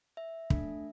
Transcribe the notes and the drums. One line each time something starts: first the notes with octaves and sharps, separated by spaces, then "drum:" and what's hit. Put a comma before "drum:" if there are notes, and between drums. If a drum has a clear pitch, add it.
E5
A3 D4 A4, drum: kick